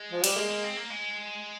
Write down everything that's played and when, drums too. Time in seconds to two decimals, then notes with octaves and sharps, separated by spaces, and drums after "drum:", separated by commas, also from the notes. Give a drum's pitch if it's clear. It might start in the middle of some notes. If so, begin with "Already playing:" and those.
Already playing: G#3
0.12 F3
0.24 G3, drum: cymbal
0.36 G#3 A#3
0.50 A#3
0.64 C4
0.77 A#3
0.90 G#3